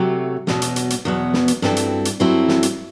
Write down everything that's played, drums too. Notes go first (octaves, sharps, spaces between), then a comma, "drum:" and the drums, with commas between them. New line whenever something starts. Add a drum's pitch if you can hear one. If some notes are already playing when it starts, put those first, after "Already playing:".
Already playing: C3 F#3 A3
E2 B2 F#3 B3, drum: snare
drum: hi-hat
drum: hi-hat
drum: hi-hat
E2 B2 F#3 B3
drum: snare
drum: hi-hat
G2 F#3 C4 E4 A4, drum: snare
drum: hi-hat
drum: hi-hat
G2 F#3 C4 E4 A4
drum: snare
drum: hi-hat